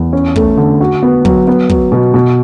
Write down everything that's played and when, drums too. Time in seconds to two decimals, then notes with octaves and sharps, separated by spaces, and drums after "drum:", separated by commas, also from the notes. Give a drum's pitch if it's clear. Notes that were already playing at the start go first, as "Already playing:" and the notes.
Already playing: E2
0.13 C#4
0.36 A3, drum: kick
0.57 D3
0.80 F#4
1.03 B3
1.25 F#3, drum: kick
1.47 B3
1.69 F#3, drum: kick
1.92 B2
2.14 B2